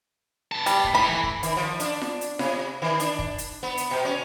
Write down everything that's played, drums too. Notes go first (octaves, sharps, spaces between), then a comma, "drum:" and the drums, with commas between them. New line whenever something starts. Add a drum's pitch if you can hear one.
B3 A5
G3, drum: hi-hat
drum: kick
A2 B5
E3
drum: kick
D#3, drum: hi-hat
F3
D4, drum: hi-hat
drum: snare F4
drum: hi-hat
C3, drum: snare F4
D#3
D4, drum: hi-hat
drum: kick
drum: hi-hat
B3
drum: hi-hat
B2
C#4